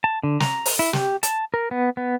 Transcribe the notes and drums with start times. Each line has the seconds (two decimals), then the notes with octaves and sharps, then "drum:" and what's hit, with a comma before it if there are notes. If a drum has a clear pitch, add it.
0.04 A5
0.23 D3
0.40 A#5, drum: snare
0.66 drum: open hi-hat
0.79 E4
0.93 G4, drum: snare
1.23 A5, drum: hi-hat
1.54 A#4
1.71 B3
1.97 B3